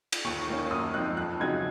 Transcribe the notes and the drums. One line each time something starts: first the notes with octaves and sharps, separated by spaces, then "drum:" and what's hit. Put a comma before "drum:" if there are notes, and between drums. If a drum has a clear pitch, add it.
drum: cymbal
D#2 C#6
D#3 A#3 C#4
F#2 D#6
F3 C4 D#4 F#6
F2 F#6
C#3 F#3 C4 D#4 G#6